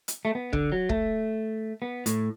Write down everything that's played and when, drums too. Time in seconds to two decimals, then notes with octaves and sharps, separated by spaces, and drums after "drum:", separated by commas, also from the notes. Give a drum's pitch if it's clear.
0.08 drum: hi-hat
0.25 A3
0.35 B3
0.53 D3, drum: kick
0.72 F#3
0.89 A3, drum: kick
1.82 B3
2.06 A2, drum: hi-hat